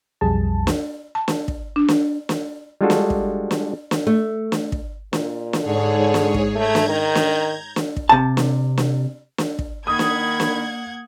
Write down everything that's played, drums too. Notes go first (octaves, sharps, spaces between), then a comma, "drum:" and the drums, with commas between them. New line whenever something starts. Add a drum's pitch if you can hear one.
B1 F2 G3 G#4 A5
drum: snare
A5
drum: snare
drum: kick
D4
drum: snare
drum: snare
G3 G#3 D4 F4 F#4 A4
drum: snare
drum: kick
drum: snare
drum: snare
A3
drum: snare
drum: kick
A#2, drum: snare
drum: snare
G#2 D3 G#4 C#5
drum: snare
drum: kick
A3 A#5 G6 G#6
drum: snare
D#3
drum: snare
drum: snare
drum: kick
C3 A5
drum: snare
drum: snare
drum: snare
drum: kick
D#3 A#3 F#5 B5 D#6 G#6
drum: snare
drum: snare